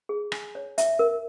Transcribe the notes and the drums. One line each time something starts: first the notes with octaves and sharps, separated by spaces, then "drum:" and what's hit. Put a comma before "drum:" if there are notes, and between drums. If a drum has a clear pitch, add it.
G#4
G#5, drum: rim click
C#5
E5, drum: hi-hat
A#4